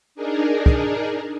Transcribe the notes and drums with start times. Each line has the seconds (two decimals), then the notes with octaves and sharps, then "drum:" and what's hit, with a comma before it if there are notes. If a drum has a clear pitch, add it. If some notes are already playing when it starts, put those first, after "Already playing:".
0.15 D4 D#4 G#4 A#4
0.66 drum: kick